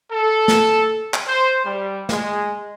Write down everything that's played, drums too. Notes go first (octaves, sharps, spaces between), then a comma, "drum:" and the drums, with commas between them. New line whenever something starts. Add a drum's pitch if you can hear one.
A4
drum: snare
drum: clap
C5
G3
G#3, drum: snare